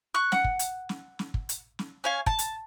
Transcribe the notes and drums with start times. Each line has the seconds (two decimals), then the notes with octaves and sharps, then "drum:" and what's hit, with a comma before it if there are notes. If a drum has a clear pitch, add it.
0.14 C#6 F#6
0.32 F#5, drum: snare
0.44 drum: kick
0.59 drum: hi-hat
0.89 drum: snare
1.19 drum: snare
1.34 drum: kick
1.49 drum: hi-hat
1.79 drum: snare
2.04 C#4 F5 G#5
2.26 A5, drum: kick
2.39 drum: hi-hat